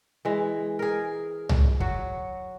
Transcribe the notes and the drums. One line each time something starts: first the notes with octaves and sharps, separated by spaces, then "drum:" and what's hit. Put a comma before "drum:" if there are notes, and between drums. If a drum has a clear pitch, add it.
E3 G#3
G#4 A#4
drum: tom C2
F#3 F#4, drum: kick